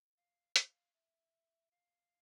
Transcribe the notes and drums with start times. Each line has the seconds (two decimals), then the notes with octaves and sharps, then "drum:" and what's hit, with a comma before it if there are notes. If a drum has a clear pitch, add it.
0.17 F5
0.56 F5, drum: hi-hat
0.94 E5
1.71 F5